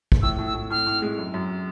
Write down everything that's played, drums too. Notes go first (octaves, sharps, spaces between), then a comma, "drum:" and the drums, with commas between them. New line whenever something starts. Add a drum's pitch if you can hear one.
drum: kick
A2 E6
A2
E6
A2
A2 F6
A2
G#3
F#2
F#2